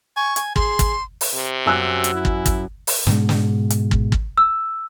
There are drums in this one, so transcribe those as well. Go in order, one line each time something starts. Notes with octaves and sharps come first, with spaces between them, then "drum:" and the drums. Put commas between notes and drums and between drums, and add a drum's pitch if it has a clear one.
G#5 C#6
G#5, drum: hi-hat
G#4 C6, drum: kick
drum: kick, hi-hat
drum: open hi-hat
C3
F#2 G#5 E6 F#6
drum: hi-hat
E4
drum: kick
drum: kick, hi-hat
drum: open hi-hat
G#2 B2 G#3, drum: snare
drum: snare
drum: hi-hat
drum: kick
drum: kick
E6